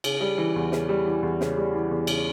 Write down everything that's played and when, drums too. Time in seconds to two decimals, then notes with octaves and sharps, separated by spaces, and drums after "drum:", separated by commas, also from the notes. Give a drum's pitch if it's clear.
0.04 C#3, drum: cymbal
0.21 G3
0.38 E3
0.56 E2
0.72 C#3, drum: snare
0.89 G3
1.07 E3
1.23 E2
1.41 C#3, drum: snare
1.57 G3
1.74 E3
1.91 E2
2.07 C#3, drum: cymbal